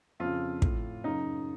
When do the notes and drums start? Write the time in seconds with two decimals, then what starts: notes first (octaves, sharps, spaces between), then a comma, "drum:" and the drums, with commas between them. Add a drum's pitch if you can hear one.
0.20 F2 C#3 F4
0.62 A2, drum: kick
1.04 F#2 C#3 D#4